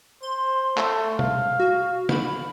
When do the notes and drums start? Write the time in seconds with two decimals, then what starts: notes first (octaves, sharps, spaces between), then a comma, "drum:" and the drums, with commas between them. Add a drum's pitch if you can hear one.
0.23 C5 C6
0.77 A3, drum: clap
1.19 F5, drum: tom B2
1.59 F#4
2.09 B5, drum: snare